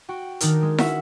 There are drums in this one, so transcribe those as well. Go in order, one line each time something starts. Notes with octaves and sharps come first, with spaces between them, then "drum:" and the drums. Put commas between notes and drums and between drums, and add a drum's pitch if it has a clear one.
F#4 G5
D#3 D4 D#4 A#4, drum: hi-hat
G#3
C#4 F#4 E5 F#5, drum: snare